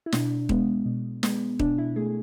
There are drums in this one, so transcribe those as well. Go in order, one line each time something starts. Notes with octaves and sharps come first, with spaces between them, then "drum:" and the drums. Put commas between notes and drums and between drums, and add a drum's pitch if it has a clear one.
E4
B2 D4, drum: snare
G#3 B3, drum: kick D#1
B2
G#3 B3, drum: snare
B2 D4, drum: kick D#1
E4
A3 G#4